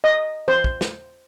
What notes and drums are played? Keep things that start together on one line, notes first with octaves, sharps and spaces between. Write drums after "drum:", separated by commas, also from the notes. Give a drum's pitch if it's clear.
D#5
C5, drum: tom
drum: kick
drum: snare